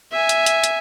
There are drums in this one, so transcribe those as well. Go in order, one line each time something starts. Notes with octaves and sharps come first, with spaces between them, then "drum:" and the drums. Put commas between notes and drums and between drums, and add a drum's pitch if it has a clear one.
E5 G#5
drum: hi-hat
drum: hi-hat
drum: hi-hat